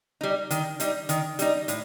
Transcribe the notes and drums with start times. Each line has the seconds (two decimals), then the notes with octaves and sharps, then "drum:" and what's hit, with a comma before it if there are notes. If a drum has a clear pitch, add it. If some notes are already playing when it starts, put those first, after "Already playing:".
0.21 G3 D#4
0.51 D#3, drum: hi-hat
0.80 G3 D#4, drum: hi-hat
1.09 D#3, drum: hi-hat
1.39 G3 D#4, drum: hi-hat
1.68 A2, drum: hi-hat